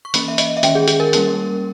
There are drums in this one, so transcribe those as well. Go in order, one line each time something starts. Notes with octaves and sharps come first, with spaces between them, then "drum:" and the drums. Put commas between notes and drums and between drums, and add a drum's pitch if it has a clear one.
C#6
E3 A#3 C#4 B5, drum: hi-hat
E5
D#5, drum: hi-hat
E5
D#3 G#3 C#4 G5, drum: hi-hat
G#4
G#4, drum: hi-hat
A#4
G3 A#3 C#4, drum: hi-hat